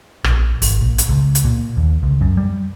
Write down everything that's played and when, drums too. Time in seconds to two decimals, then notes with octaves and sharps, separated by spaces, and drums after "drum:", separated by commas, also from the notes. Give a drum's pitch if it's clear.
0.24 A#1, drum: rim click
0.62 G#1, drum: open hi-hat
0.81 A#1
0.98 drum: hi-hat
1.09 C#2
1.35 drum: hi-hat
1.45 A#2
1.77 D#2
2.03 C#2
2.21 F#2
2.37 G3